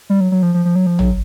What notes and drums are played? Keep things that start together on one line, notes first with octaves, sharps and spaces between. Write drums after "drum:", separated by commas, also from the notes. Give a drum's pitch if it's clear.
G3
F#3
F#3
F3
F3
F3
F#3
F3
F#3, drum: tom